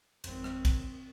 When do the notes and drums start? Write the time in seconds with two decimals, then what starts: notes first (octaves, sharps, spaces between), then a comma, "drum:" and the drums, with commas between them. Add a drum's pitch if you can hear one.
0.24 G#1 F2 C4, drum: cymbal
0.44 drum: rim click
0.65 drum: kick, cymbal